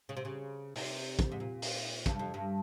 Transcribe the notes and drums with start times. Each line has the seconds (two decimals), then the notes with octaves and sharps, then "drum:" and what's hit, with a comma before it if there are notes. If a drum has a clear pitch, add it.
0.09 C#3
0.17 C3
0.25 C#3
0.76 C3, drum: open hi-hat
1.19 drum: kick, hi-hat
1.32 G#2
1.40 A#2
1.62 drum: open hi-hat
2.06 G2, drum: kick, hi-hat
2.19 F2
2.34 G2